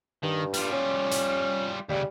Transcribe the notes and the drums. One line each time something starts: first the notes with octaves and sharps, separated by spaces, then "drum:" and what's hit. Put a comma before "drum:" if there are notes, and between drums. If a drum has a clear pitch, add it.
G2 D#3
G3 F4, drum: hi-hat
C#4
drum: hi-hat
D#2 C#3 G3